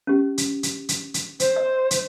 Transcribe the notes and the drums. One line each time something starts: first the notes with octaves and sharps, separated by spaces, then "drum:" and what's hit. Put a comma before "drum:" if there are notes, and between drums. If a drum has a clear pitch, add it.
C#4 G4
drum: hi-hat
drum: hi-hat
drum: hi-hat
drum: hi-hat
C5, drum: hi-hat
D#5
drum: hi-hat